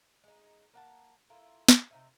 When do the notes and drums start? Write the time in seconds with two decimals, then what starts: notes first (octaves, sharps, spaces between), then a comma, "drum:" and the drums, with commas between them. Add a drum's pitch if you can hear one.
0.24 G#3 D#4
0.74 A#3 F#4 A5
1.30 E4 F4 A4 A#4
1.68 drum: snare
1.91 C3 D#4 E5